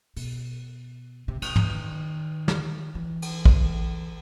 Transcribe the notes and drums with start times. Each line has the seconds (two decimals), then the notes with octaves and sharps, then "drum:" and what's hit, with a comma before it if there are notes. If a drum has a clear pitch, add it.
0.17 B2, drum: open hi-hat
1.28 C3
1.42 C#3, drum: cymbal
1.56 D3, drum: tom
1.70 D#3
2.48 drum: snare
2.95 E3
3.22 drum: cymbal
3.45 drum: kick